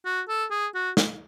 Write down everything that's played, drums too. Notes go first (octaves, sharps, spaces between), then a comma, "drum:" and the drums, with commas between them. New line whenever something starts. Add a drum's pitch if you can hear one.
F#4
A4
G#4
F#4
drum: snare